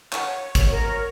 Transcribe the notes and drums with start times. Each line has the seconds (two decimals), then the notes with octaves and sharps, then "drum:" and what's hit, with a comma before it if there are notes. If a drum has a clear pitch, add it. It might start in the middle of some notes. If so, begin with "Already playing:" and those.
0.12 F#4 C#5 F#5, drum: clap
0.55 drum: kick, hi-hat
0.70 A#4